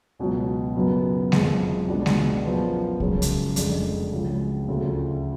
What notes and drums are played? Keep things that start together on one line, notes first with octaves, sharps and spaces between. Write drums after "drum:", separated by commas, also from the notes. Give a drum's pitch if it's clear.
C#2 B2 F#3
F#2 C#3 F#3 B3
F#1 F2 F3 G#3, drum: snare G#3
C#2 B2 G#3 D4
drum: snare G#3
F#2 F3 B3
F#2 C#3 F3 G#3 C#4, drum: kick
drum: hi-hat
F1 F2 D3 G#3, drum: hi-hat
C#2 C#3 F#3
D2 C#3 F3 A3